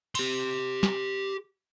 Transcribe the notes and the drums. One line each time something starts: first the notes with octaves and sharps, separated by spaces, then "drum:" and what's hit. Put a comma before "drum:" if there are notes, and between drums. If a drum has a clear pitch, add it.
G4 C6, drum: cymbal
drum: snare